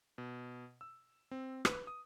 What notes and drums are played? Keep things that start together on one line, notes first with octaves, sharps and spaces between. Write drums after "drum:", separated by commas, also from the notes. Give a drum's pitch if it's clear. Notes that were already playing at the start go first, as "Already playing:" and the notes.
B2
E6
C4
B4, drum: rim click
D#6